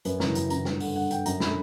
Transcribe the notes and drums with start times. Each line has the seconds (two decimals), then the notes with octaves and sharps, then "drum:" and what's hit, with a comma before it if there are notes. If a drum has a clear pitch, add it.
0.05 F#2 B4, drum: hi-hat
0.20 C#3 E3 A#5, drum: snare
0.35 F#2 A#5, drum: hi-hat
0.50 C#3 E3 A#5, drum: hi-hat
0.65 G2, drum: snare
0.80 D3 F#5, drum: open hi-hat
0.95 G2 F#5
1.11 D3 G5, drum: hi-hat
1.26 F#2 A#5, drum: hi-hat
1.40 D3 B5, drum: snare